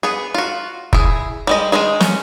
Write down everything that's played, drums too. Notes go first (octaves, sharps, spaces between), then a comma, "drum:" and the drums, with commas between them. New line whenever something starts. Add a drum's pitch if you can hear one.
B3 G#4
F4 F#4
E4 G#4, drum: kick F1
G3 G#3 D#5
D#3 F#3 G#3 G#4
C#4, drum: snare